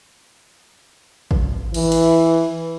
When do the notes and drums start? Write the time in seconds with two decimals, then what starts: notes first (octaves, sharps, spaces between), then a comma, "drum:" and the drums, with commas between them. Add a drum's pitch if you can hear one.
1.31 drum: kick G#1
1.74 E3, drum: cymbal
1.92 drum: cymbal